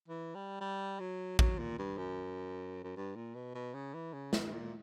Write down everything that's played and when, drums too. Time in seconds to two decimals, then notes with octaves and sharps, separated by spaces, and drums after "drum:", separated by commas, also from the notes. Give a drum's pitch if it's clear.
0.08 E3
0.35 G3
0.61 G3
1.00 F#3
1.39 F#3, drum: kick A1
1.59 A#2
1.78 G2
1.98 F#2
2.84 F#2
2.96 G2
3.16 A#2
3.35 B2
3.55 B2
3.74 C#3
3.94 E3
4.13 C#3
4.33 B2, drum: snare
4.45 G2
4.53 A#2